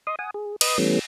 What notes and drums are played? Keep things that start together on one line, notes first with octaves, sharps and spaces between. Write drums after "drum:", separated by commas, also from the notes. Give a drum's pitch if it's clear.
D#5 C6 D#6
F#5 G#5 D#6
G#4
B4 D#5 D#6, drum: cymbal
E3 G3 A3 B3 C#4